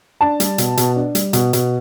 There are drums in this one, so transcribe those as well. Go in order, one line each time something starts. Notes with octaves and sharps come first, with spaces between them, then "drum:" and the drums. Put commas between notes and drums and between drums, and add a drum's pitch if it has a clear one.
D4 A5
G3, drum: hi-hat
B2, drum: hi-hat
B2, drum: hi-hat
D4
G3, drum: hi-hat
B2, drum: hi-hat
B2, drum: hi-hat